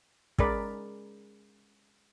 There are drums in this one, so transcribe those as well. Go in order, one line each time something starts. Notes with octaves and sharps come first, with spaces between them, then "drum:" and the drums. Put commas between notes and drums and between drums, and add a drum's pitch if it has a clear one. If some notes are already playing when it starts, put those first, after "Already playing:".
G#3 C#4 G#4 A#4 D5 B5, drum: kick